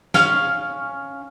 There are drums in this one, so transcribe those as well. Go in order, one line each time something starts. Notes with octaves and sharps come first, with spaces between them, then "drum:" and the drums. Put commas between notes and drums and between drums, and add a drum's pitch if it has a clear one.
C#4 F5, drum: snare